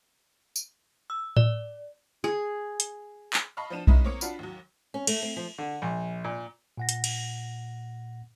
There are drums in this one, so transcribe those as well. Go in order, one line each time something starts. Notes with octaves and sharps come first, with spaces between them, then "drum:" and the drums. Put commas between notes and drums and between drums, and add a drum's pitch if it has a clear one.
drum: tambourine
E6
D5, drum: tom A2
G#4
drum: hi-hat
drum: clap
D#5 F5 A5 B5 C#6 F6
F3 B3 D4 D#7 E7
G#3 C#4 D#4 E4 B4, drum: kick B1
A#3 C4 C#5 D6 D#6 C#7
D4 F4 F#4 B4, drum: tambourine
D#2 F#3
C#4
A3, drum: cymbal
C4
F3
D3
A#1
A#2
A#2 F#5 A#6
drum: hi-hat
drum: cymbal